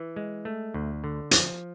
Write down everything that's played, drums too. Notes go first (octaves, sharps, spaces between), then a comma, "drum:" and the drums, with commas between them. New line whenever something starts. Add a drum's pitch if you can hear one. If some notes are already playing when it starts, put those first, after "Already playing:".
Already playing: E3
G#3
A3
D2
D3
F3, drum: hi-hat